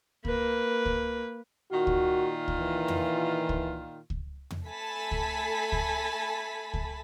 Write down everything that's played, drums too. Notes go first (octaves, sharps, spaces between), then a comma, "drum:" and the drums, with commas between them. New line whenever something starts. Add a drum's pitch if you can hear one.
A#3 B4, drum: kick C#2
drum: kick C#2
A#2 D#3 F4 F#4
drum: kick C#2
drum: kick C#2
E3
drum: tom
drum: kick C#2
drum: kick C#2
drum: tom
A3 A4 G#5 A5 B5 B6
drum: kick C#2
drum: kick C#2
drum: kick C#2